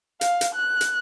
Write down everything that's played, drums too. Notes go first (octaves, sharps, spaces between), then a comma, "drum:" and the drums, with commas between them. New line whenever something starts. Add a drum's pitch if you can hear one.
F5, drum: hi-hat
drum: hi-hat
F#6
drum: hi-hat